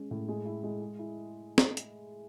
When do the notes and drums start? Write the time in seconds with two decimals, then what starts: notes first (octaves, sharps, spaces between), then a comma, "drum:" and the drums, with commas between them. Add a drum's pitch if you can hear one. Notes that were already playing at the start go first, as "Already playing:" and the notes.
Already playing: G#3 C#4
0.11 A2
0.28 G#3
0.46 E4
0.64 G#3
0.81 G#4
0.99 E4
1.58 drum: snare
1.77 drum: hi-hat